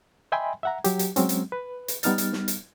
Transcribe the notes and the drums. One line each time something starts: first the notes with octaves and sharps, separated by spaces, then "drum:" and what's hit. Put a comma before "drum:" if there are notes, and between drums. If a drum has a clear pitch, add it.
D#5 E5 G5 G#5 B5 C6
E5 F#5 A#5
F#3 G4, drum: hi-hat
drum: hi-hat
F#3 G#3 C4 C#4, drum: hi-hat
drum: hi-hat
B4
drum: hi-hat
G3 B3 D#4 F6 A6, drum: hi-hat
drum: hi-hat
drum: snare
drum: hi-hat